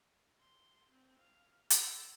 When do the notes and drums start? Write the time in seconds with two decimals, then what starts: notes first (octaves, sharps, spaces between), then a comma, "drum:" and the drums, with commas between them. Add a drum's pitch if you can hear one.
0.41 C6
0.91 C4
1.19 F5
1.70 E6, drum: hi-hat